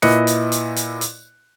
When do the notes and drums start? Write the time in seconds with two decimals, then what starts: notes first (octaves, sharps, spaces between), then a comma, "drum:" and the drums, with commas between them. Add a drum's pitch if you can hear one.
0.02 A#2 E4 B4 D#5 F#6 C#7, drum: snare
0.27 drum: hi-hat
0.52 drum: hi-hat
0.76 drum: hi-hat
1.01 drum: hi-hat